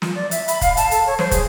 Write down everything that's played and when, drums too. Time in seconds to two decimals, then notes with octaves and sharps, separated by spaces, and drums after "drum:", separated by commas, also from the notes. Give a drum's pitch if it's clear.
0.02 F4, drum: snare
0.15 D5
0.31 E5, drum: hi-hat
0.48 B5, drum: hi-hat
0.61 F5, drum: kick, hi-hat
0.77 A5, drum: hi-hat
0.91 A4, drum: hi-hat
1.06 C#5
1.19 C5, drum: snare
1.31 G#4, drum: kick, hi-hat